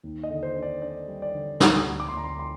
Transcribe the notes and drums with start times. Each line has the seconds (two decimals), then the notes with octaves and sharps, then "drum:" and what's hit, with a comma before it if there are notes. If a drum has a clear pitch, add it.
0.04 D#2
0.23 D#5
0.30 D3
0.43 C5
0.55 D4
0.63 D5
0.82 D4 D5
1.08 G3
1.22 D5
1.34 D3
1.60 D2 A#5, drum: snare
1.88 D2
2.00 D6
2.08 C6
2.13 D2 A#5
2.24 C6
2.39 C6